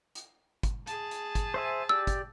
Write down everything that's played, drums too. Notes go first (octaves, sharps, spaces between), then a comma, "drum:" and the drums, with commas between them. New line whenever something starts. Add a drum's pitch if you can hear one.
drum: hi-hat
drum: kick, hi-hat
G#4 A5, drum: hi-hat
drum: hi-hat
drum: kick, hi-hat
C5 E5 G#5
G4 D5 E6
drum: kick, hi-hat